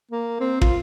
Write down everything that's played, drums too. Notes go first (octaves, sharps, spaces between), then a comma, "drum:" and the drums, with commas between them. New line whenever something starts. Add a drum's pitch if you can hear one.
A#3
C4
F4, drum: kick